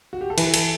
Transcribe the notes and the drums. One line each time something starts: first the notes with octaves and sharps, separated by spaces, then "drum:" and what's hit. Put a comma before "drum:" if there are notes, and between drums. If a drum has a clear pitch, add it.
F#4
G4
A4
E3 B4, drum: cymbal
A4, drum: cymbal